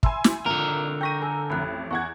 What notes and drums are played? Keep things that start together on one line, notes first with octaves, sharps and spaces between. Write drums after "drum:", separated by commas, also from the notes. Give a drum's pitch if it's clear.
E5 G#5 B5 C6 E6, drum: kick
drum: snare
G#1 D3 F4 A#4 A#5
G5 C#6 G6 A#6 B6 D#7
A4 G#5 A#5 E6
A1 F2 B5 F#6
E2 F#5 C#6 F#6 G#6